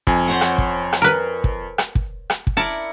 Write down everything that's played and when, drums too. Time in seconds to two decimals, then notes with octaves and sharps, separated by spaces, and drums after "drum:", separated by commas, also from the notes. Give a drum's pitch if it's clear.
0.07 F2 G#5, drum: kick
0.28 C5 C#5 F#5
0.41 drum: rim click
0.58 drum: kick
0.93 drum: rim click
1.02 A#4 B4
1.44 drum: kick
1.78 drum: rim click
1.95 drum: kick
2.30 drum: rim click
2.47 drum: kick
2.57 E4 A#4 D5 A5 C#7